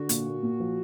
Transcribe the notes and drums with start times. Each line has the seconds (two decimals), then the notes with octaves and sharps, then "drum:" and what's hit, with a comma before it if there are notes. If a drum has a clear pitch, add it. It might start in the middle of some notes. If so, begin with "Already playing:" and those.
Already playing: D3 F#4
0.09 A#2, drum: hi-hat
0.26 A#3
0.43 A#2
0.60 F3